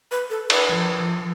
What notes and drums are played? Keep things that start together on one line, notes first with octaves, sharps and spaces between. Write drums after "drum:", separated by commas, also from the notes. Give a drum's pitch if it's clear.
B4
A4
B4, drum: cymbal
F3
F3